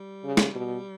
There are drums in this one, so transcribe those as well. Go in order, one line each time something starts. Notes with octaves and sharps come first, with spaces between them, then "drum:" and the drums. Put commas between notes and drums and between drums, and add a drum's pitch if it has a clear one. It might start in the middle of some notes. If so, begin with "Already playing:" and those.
Already playing: G3
C#3
drum: snare
B2